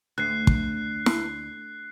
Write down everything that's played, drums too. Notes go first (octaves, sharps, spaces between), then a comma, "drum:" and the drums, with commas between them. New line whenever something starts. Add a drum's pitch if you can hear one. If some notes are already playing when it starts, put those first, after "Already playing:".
D2 F#6 C7
drum: kick
drum: snare